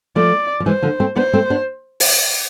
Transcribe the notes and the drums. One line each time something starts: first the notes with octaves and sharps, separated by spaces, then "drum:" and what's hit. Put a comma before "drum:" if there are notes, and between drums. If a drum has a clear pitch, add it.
F3 A3 D5
F3
E3 G#3 C5
D3 F3
A3 C4
B3 D4 C5
A3 C4
B3 D4
drum: open hi-hat